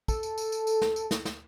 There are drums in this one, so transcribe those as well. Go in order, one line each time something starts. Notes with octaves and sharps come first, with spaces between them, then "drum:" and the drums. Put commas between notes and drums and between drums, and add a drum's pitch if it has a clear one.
A4, drum: kick, tambourine
drum: tambourine
drum: tambourine
drum: tambourine
drum: tambourine
drum: snare
drum: tambourine
drum: snare
drum: snare